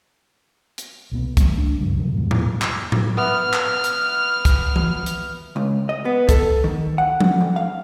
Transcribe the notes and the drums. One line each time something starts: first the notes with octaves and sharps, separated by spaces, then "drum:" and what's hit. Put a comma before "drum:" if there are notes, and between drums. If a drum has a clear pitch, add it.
drum: hi-hat
C2 B2 B3
E3 G3 A3 C4, drum: kick, hi-hat
D4
F#1 C#2 G2 F3
C3 D#3 F3 F#3
E2 G#2 B2 G3
drum: tom A2
drum: clap
drum: tom A2
B3 E5 D6 F6
drum: clap
drum: hi-hat
drum: kick, hi-hat
drum: tom E3
drum: hi-hat
C#2
D#5
B3
A4, drum: kick, hi-hat
D#3
F#5
drum: tom F3
F2
F5